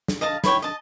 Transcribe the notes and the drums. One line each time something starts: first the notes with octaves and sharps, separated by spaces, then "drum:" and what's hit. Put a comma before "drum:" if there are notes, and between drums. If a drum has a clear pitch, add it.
drum: snare
D#5 F5 A5
E4 C#5 G5, drum: snare
D#5 A5